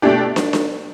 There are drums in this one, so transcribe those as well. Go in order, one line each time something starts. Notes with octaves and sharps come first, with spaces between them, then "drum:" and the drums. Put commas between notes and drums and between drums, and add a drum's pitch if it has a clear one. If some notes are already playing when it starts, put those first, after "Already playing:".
B2 A3 D4 G4
drum: snare
drum: snare